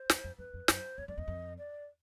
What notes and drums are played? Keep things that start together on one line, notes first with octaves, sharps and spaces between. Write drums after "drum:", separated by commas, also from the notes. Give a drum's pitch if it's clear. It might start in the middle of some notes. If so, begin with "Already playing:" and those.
Already playing: C5
E2, drum: snare
F2
F2 B4
F2
F#2 C5, drum: snare
E2 C#5
F2 D5
E2 D#5
F2
D5